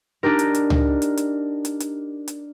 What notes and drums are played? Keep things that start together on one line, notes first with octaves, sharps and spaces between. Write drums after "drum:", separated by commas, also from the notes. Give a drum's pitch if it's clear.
D4 D#4 G4 A#4
drum: hi-hat
drum: hi-hat
drum: tom C#2
drum: hi-hat
drum: hi-hat
drum: hi-hat
drum: hi-hat
drum: hi-hat